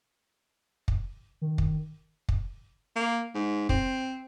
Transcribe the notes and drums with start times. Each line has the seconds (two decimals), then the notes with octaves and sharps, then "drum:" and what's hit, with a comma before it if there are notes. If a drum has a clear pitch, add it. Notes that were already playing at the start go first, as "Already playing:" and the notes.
0.88 drum: kick
1.41 D#3
1.58 drum: kick
2.29 drum: kick
2.96 A#3
3.35 G#2
3.69 C4, drum: kick